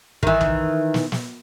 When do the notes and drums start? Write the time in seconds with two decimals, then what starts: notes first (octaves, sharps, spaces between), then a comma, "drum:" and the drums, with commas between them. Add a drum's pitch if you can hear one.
0.23 D#3 E3, drum: kick
0.41 drum: tom B1
0.94 drum: snare
1.12 drum: snare